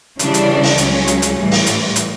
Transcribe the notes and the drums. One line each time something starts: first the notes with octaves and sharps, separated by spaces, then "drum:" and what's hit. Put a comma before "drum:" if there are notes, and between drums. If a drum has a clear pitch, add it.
C#3 E3 G3 D4, drum: hi-hat
drum: hi-hat
drum: open hi-hat
C#2 C#3 F#3 C#4, drum: hi-hat
drum: hi-hat
drum: hi-hat
A2 E3 G3
drum: open hi-hat
drum: hi-hat
drum: hi-hat